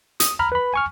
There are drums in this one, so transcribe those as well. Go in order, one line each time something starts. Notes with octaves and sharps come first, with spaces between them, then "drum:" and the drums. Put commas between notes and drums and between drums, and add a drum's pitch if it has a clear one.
D#6, drum: hi-hat
A#5 B5 F6
B4 B5
G#5 C#6 F6